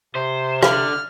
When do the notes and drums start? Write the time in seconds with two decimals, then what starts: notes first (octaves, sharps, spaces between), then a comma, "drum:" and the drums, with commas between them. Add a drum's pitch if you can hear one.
0.15 C3 C5
0.63 D3 F6, drum: rim click